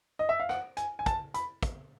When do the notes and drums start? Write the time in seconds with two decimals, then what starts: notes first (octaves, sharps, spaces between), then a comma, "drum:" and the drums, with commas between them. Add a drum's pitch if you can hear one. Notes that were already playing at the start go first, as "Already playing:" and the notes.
0.19 D#5
0.29 E5
0.40 F5
0.49 F#5, drum: rim click
0.77 G#5, drum: hi-hat
0.99 G#5
1.06 A5, drum: kick, hi-hat
1.34 B5, drum: hi-hat
1.63 drum: kick, hi-hat